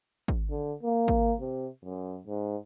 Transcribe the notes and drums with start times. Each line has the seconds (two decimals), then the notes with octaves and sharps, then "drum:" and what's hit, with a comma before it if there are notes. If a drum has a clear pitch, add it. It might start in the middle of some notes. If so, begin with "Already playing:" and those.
0.28 drum: kick
0.50 D3
0.83 A#3
1.08 drum: kick
1.40 C3
1.84 F#2
2.27 G#2